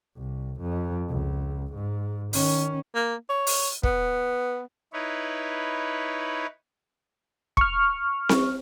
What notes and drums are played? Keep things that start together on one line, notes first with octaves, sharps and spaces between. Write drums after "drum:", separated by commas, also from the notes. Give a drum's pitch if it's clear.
C2
F2
C#2
G#2
D#3 C#4, drum: open hi-hat
A#3
C#5
drum: open hi-hat
B3, drum: kick
D#4 E4 B4 C#5
C#6 F6, drum: kick
drum: snare C4